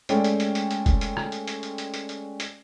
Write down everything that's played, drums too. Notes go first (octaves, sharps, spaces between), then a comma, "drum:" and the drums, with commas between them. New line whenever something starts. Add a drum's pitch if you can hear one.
G#3 A3 C#4 D5 G5, drum: hi-hat
drum: hi-hat
drum: hi-hat
drum: hi-hat
drum: hi-hat
drum: kick F1, hi-hat
drum: hi-hat
drum: rim click
drum: hi-hat
drum: hi-hat
drum: hi-hat
drum: hi-hat
drum: hi-hat
drum: hi-hat
drum: hi-hat